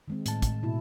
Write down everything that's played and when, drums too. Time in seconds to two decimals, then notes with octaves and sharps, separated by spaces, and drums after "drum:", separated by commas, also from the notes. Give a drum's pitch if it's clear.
0.08 D#3 G#3 C4
0.26 A2 A5, drum: hi-hat
0.42 drum: kick, hi-hat
0.63 B2 E4